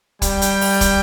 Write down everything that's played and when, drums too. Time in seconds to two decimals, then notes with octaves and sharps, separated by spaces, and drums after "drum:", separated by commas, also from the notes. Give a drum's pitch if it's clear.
0.22 G3 G5, drum: kick, hi-hat
0.42 drum: hi-hat
0.61 drum: open hi-hat
0.81 drum: kick, hi-hat